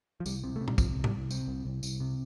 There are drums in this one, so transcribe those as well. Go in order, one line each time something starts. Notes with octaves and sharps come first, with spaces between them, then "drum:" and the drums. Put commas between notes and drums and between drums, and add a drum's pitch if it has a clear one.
F3
C2 G3, drum: tambourine
C3
A3
C3
G3, drum: tom A#2
C3 F3, drum: kick, tambourine
C2
G3, drum: tom
C2
C3 C4, drum: tambourine
C2
C2
C2, drum: tambourine
C3